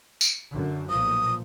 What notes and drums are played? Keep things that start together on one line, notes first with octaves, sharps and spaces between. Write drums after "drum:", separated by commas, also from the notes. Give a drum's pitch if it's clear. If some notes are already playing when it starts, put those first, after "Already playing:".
drum: tambourine
F#2 D3
B1 A#2 F3 D#6